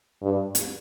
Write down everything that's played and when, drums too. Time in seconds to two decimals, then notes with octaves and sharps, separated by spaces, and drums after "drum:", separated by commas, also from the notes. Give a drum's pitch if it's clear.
0.22 G2
0.55 drum: hi-hat